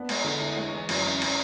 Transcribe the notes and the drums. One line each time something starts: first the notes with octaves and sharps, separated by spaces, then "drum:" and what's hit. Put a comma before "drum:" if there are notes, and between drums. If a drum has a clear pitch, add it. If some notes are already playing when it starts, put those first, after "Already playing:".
Already playing: B3 D4
G#3, drum: cymbal
D3
E4
G#3 C#5
E3
F#2, drum: cymbal
C#4
C#4, drum: cymbal